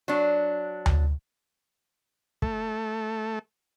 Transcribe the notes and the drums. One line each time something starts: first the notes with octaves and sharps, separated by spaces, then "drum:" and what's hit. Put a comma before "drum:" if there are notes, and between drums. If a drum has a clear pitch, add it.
F#3 D4
drum: tom D2
A3, drum: kick